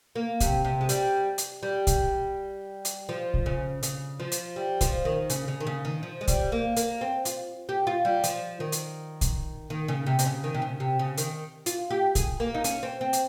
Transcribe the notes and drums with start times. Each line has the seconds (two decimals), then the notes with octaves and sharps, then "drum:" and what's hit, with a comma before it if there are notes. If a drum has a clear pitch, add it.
0.15 A#3
0.41 C3, drum: kick A#1, hi-hat
0.64 C3
0.81 G#3
0.89 G3, drum: hi-hat
1.38 drum: hi-hat
1.63 G3
1.87 drum: kick A#1, hi-hat
2.85 drum: hi-hat
3.09 F3
3.34 drum: kick A#1
3.46 C#3
3.83 C#3, drum: hi-hat
4.20 F3
4.32 drum: hi-hat
4.56 G3
4.81 F3, drum: kick A#1, hi-hat
5.05 D#3
5.30 C#3, drum: hi-hat
5.48 C#3
5.60 D#3
5.67 C#3
5.85 D#3
6.03 F3
6.21 G#3
6.28 G3, drum: kick A#1, hi-hat
6.52 A#3
6.77 A#3, drum: hi-hat
7.01 C4
7.25 F4, drum: hi-hat
7.69 G4
7.87 F4
8.05 G3
8.24 F3, drum: hi-hat
8.60 D#3
8.72 drum: hi-hat
9.21 drum: kick A#1, hi-hat
9.70 D#3
9.88 C#3
10.07 C3
10.19 C3, drum: hi-hat
10.26 C#3
10.44 D#3
10.54 C3
10.62 C#3
10.80 C3
10.99 C#3
11.18 D#3, drum: hi-hat
11.66 F4, drum: hi-hat
11.90 G4
12.15 G#4, drum: kick A#1, hi-hat
12.40 A#3
12.54 D#4
12.64 C#4, drum: hi-hat
12.83 C4
13.01 C4
13.13 drum: hi-hat